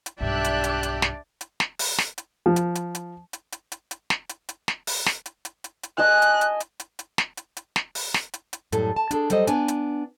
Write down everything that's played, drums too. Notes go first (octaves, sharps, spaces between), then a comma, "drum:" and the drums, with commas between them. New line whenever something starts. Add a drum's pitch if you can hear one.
drum: hi-hat
B1 G2 D4 G4 D5 E5 F#6
drum: hi-hat
drum: hi-hat
drum: hi-hat
drum: snare
drum: hi-hat
drum: snare
drum: open hi-hat
drum: snare
drum: hi-hat
F3
drum: hi-hat
drum: hi-hat
drum: hi-hat
drum: hi-hat
drum: hi-hat
drum: hi-hat
drum: hi-hat
drum: snare
drum: hi-hat
drum: hi-hat
drum: snare
drum: open hi-hat
drum: snare
drum: hi-hat
drum: hi-hat
drum: hi-hat
drum: hi-hat
D#5 G#5 A5 F#6
drum: hi-hat
drum: hi-hat
drum: hi-hat
drum: hi-hat
drum: hi-hat
drum: snare
drum: hi-hat
drum: hi-hat
drum: snare
drum: open hi-hat
drum: snare
drum: hi-hat
drum: hi-hat
F#2 A2 G3 A4, drum: hi-hat
A5
D4 G#4 A4, drum: hi-hat
F#3 G3 A4 C5 D#5, drum: hi-hat
B3 D4 G#5, drum: hi-hat
drum: hi-hat